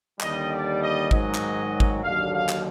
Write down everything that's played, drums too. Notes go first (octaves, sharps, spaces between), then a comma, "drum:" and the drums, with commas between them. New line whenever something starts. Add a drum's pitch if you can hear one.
D#2 D3 G3 D#5, drum: clap
D5
D#5
G#2 D#3 F#3 D#5, drum: kick G#1
drum: clap
drum: kick G#1
D#2 D3 F#3 F5
F5
drum: clap